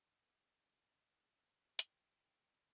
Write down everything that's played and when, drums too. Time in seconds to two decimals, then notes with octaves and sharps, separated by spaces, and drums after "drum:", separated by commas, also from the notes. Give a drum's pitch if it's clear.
1.79 G5, drum: hi-hat